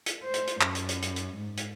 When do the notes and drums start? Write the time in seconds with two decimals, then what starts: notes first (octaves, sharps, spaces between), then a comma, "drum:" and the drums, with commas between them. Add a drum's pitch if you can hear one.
0.06 drum: hi-hat
0.24 C5
0.34 drum: hi-hat
0.47 drum: hi-hat
0.61 F#2, drum: clap
0.75 drum: hi-hat
0.89 drum: hi-hat
1.02 drum: hi-hat
1.16 drum: hi-hat
1.37 G#2
1.57 drum: hi-hat